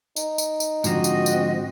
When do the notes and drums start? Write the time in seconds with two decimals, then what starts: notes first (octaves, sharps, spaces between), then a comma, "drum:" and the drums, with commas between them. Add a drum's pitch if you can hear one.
0.16 D#4, drum: tambourine
0.38 drum: tambourine
0.60 drum: tambourine
0.84 G#2 D3 F3 C4 F#4 D#5, drum: tambourine
1.04 drum: tambourine
1.26 drum: tambourine